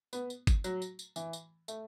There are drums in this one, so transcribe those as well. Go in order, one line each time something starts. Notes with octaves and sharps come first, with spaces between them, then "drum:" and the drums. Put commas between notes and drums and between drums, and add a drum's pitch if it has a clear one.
B3, drum: tambourine
drum: tambourine
drum: kick G1, tambourine
F#3, drum: tambourine
drum: tambourine
drum: tambourine
E3, drum: tambourine
drum: tambourine
A3, drum: tambourine